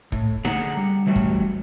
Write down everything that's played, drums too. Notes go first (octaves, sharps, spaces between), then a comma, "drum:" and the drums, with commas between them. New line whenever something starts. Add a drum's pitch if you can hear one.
A2, drum: kick
D3 G#4 F#5 A#5, drum: snare D#4
G3
E3 F#3 G3 A3
drum: kick